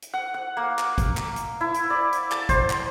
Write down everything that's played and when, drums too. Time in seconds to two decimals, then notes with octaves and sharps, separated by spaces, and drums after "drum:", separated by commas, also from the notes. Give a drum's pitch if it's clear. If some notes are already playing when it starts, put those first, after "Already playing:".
0.02 drum: hi-hat
0.13 F#5
0.34 F#5
0.57 A#3
0.79 drum: clap
0.98 drum: kick, hi-hat
1.17 drum: clap
1.36 drum: hi-hat
1.61 E4
1.74 drum: hi-hat
1.90 D5
2.12 drum: hi-hat
2.32 A5, drum: clap
2.49 C5, drum: kick, hi-hat
2.70 drum: clap